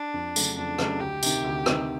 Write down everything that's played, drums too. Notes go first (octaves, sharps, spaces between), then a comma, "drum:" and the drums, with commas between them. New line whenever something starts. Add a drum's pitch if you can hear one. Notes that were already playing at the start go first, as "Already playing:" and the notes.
Already playing: D4
F2
C#3 F#3 A3, drum: tambourine
F2 D4
C#3 F#3 A3, drum: rim click
D2 G4
C3 D#3, drum: tambourine
D2
C3 D#3, drum: rim click